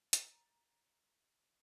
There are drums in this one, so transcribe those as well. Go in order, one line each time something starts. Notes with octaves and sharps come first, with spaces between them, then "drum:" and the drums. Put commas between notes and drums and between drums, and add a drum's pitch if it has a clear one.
A#5 A6, drum: hi-hat